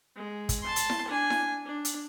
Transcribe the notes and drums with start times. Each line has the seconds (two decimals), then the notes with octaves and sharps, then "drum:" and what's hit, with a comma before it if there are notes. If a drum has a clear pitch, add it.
0.16 G#3
0.49 drum: kick, hi-hat
0.62 A5 C6
0.76 drum: hi-hat
0.90 drum: snare E4
1.08 D4 G#5
1.30 drum: snare E4
1.66 D4
1.85 drum: hi-hat